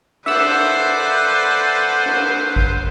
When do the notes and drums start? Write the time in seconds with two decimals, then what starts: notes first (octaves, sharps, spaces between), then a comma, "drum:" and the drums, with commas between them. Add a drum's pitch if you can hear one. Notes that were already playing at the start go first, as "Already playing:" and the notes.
0.26 A4 B4 C5 D5 E5 F#5 E6, drum: cymbal
2.06 drum: cymbal
2.56 drum: kick A1